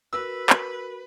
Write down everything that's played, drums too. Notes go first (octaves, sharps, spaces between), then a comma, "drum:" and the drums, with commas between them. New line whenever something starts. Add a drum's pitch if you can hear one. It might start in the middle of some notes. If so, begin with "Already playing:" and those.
F#4 A#4 B4 B5 E6
drum: clap